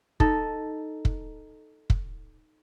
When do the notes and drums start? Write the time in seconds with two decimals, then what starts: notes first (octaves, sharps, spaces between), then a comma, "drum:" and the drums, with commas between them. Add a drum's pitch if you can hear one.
0.20 D#4 A4, drum: kick
1.05 drum: kick
1.90 drum: kick